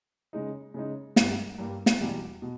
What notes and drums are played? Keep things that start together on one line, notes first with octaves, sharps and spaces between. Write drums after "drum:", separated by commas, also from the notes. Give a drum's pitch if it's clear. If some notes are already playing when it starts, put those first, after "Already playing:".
C#3 G#3 D#4
C#3 G#3 D#4
G2 G3 A#3, drum: snare
G2 G3 A#3
drum: snare
E2 B2 G3
B2